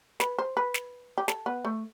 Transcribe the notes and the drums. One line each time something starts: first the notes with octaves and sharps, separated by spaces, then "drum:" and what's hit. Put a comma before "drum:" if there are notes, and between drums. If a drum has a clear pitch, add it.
B4, drum: snare
C5
B4
drum: snare
G4
A4, drum: snare
B3
A3